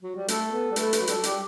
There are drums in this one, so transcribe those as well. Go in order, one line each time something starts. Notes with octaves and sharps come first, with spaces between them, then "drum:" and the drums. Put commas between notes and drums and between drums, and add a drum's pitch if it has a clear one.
F#3
G3
A3 A4, drum: hi-hat
B3
G3
A3 B4, drum: hi-hat
B4, drum: hi-hat
F#3
G3 A4, drum: hi-hat
F#3
G3 G4, drum: hi-hat